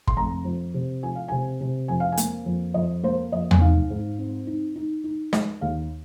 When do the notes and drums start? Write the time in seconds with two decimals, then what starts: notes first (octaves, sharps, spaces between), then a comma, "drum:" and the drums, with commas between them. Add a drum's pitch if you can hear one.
0.07 C6, drum: kick G1
0.17 F1 A#5
0.45 F2
0.74 C3
1.03 F3 G#5
1.15 F5
1.28 C3 G#5
1.61 C3
1.88 F2 G#5
2.00 F5
2.12 G#5
2.17 A#3, drum: hi-hat
2.46 F2
2.74 F2 D#5
3.03 A#3 C5
3.32 F2 D#5
3.51 G#5, drum: tom E2
3.61 D#4 F5
3.90 G#2
4.19 C4
4.47 D#4
4.76 D#4
5.04 D#4
5.33 G#3 D#5, drum: snare
5.61 D#2 F5